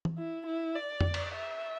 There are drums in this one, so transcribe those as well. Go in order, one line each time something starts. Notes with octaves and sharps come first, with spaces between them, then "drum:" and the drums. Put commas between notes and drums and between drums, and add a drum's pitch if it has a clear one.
drum: tom E3
E4
E4
D5
drum: tom F2
drum: cymbal
E5